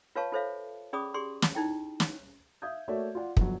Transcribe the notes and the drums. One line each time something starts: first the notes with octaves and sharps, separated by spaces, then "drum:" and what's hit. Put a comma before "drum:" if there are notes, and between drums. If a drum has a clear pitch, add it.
F4 B4 C#5 F5 A5 C#6
F4 A4 C5 C#5 E5 F5
C#4 G#4 D5 B5 D6 D#6
G4 G#4 D5 C6 C#6
drum: snare
D#4 E4 G5
drum: snare
E5 F5 D#6 G6 G#6
A3 A#3 F#4 C#5 D5 E5
F4 D5 F#5
G1 F2 F#3, drum: kick